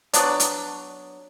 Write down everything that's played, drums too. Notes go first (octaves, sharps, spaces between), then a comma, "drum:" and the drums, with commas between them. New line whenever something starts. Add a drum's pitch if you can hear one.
F#3 B3 D4 D5, drum: hi-hat
drum: hi-hat